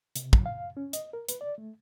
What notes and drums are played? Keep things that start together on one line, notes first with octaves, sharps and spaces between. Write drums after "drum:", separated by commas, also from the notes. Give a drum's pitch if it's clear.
C3, drum: hi-hat
F#3, drum: kick
F5
C#4
D#5, drum: hi-hat
A#4
B4, drum: hi-hat
D5
A3